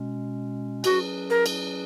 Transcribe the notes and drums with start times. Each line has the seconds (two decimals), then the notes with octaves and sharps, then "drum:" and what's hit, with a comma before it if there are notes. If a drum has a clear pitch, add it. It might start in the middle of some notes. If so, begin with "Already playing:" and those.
Already playing: B2 G#3 C#4
0.84 F#3 C#4 F#4 G#4 B4, drum: cymbal
1.30 A#4
1.46 drum: cymbal